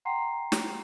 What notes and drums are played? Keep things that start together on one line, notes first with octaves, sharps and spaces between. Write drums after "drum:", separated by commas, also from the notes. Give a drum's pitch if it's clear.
F#5 G5 A#5 C6 C7
drum: snare